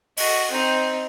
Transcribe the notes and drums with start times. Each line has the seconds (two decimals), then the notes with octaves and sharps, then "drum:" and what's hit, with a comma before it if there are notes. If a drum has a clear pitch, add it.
0.17 F#4 D#5, drum: open hi-hat
0.51 C4 D#4